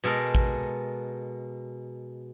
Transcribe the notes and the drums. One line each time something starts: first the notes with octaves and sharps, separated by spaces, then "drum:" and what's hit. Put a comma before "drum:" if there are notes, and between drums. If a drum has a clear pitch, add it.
B2 G#3 A4 A#4, drum: open hi-hat
drum: kick A1